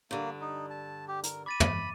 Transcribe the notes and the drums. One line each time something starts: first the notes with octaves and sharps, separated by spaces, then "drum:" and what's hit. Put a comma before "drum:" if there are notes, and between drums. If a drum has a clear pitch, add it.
G2 D3 A#3
D#4
A5
G4
A#4, drum: hi-hat
B5 D6 A6 D#7
drum: tom